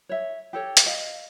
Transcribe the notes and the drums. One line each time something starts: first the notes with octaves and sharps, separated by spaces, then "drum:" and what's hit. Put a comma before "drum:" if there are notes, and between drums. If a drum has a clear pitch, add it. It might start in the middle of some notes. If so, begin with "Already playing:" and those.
C#5 E5
G4 A4 C#5
drum: hi-hat
D#5 F5